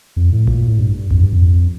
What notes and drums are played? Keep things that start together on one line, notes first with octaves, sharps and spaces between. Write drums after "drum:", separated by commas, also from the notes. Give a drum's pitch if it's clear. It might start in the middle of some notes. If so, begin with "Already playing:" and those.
F2
A2
A#2, drum: kick A1
A2
G2
F2, drum: kick A1
G2
F2